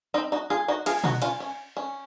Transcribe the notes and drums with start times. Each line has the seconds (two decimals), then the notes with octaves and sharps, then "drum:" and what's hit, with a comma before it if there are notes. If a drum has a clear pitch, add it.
0.14 C4 D#4
0.32 D#4 F#4
0.50 F4 G#4
0.68 D#4 F#4
0.86 F4 G#4, drum: cymbal
1.04 D#4 F#4, drum: tom
1.22 C#4 F4, drum: hi-hat
1.40 C#4
1.77 C#4